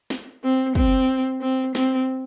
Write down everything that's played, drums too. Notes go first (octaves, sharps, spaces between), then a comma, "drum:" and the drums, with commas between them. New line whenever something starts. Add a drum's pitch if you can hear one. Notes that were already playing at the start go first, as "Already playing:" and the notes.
drum: snare
C4
C4, drum: kick
C4
C4, drum: snare